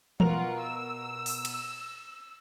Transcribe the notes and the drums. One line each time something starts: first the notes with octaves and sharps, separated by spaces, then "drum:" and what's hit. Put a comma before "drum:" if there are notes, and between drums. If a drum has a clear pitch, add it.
B2 F4 A#4 F#5 F7, drum: tom E3
E6
drum: open hi-hat
drum: cymbal